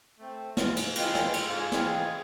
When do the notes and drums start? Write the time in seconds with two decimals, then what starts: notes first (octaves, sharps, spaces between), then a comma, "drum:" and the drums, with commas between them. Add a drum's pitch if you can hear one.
0.19 A3 C4
0.57 G#2 F4, drum: snare
0.77 drum: cymbal
0.95 E3 G#3 C4 F4, drum: cymbal
1.15 drum: snare
1.33 G#2 F4, drum: cymbal
1.49 F4
1.59 G#4
1.72 E3 G#3 C4 F4, drum: snare
1.85 G#4